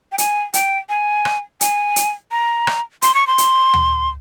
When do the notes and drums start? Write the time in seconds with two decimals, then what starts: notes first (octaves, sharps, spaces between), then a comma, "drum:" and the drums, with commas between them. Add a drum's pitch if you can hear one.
0.12 G5
0.18 G#5, drum: hi-hat
0.54 G5, drum: hi-hat
0.89 G#5
1.25 drum: rim click
1.61 G#5, drum: hi-hat
1.96 drum: hi-hat
2.31 A#5
2.67 drum: rim click
3.02 C6, drum: hi-hat
3.15 C#6
3.27 C6
3.38 drum: hi-hat
3.74 drum: tom D2